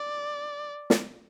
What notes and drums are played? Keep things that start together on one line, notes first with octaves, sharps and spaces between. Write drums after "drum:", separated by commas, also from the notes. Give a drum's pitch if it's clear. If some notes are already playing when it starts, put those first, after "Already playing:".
Already playing: D5
drum: snare